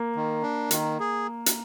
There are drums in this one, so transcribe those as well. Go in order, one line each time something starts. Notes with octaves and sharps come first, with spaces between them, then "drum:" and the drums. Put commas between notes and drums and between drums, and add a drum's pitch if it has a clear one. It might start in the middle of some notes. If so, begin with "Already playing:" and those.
Already playing: A#3
D#3
D4
D#3, drum: hi-hat
G#4
drum: hi-hat